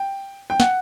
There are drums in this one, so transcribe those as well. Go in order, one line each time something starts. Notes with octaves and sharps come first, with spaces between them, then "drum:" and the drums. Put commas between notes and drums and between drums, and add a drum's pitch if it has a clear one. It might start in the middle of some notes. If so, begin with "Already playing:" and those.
Already playing: G5
G5
F#5, drum: snare